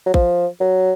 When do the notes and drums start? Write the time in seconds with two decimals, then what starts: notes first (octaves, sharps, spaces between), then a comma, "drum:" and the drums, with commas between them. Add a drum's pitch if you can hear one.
0.06 F#3
0.14 F3, drum: kick A1
0.61 F#3